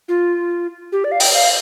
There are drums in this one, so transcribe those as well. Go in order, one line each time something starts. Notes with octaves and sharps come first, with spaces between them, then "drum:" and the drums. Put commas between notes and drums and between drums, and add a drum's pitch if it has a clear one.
F4
G4
D5
F5
G5, drum: open hi-hat
F5